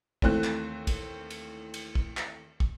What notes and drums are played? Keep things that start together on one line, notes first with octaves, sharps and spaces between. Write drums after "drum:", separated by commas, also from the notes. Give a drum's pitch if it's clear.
D#2 E3 A3 C4 C5 F#6, drum: kick
drum: clap
drum: kick, cymbal
drum: cymbal
drum: cymbal
drum: kick
drum: clap
drum: kick